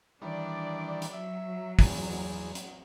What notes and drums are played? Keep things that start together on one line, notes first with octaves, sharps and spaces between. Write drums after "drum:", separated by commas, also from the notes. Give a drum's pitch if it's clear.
D#3 E3 G3 D4 D5
drum: hi-hat
F#3 E5
E2 G#4 C6, drum: kick, open hi-hat
drum: hi-hat